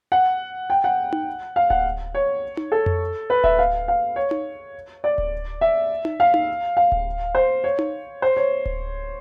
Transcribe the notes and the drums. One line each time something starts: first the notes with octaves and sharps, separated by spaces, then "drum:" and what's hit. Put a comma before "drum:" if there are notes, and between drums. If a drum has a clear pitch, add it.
F#5
G5
F#5
drum: tom D#4
F5
F#5, drum: kick D1
C#5
drum: tom D#4
A4
drum: tom F2
B4
E5, drum: kick D1
F5
F5
C#5
drum: tom D#4
D5
drum: kick D1
E5
drum: tom D#4
F5
drum: tom D#4
F5
drum: kick D1
C5
C#5
drum: tom D#4
C5
C#5
drum: kick D1